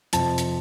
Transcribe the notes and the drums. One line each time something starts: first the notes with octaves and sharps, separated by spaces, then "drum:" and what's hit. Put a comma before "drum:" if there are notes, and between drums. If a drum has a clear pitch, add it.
F2 C3 F3 A5, drum: hi-hat
drum: hi-hat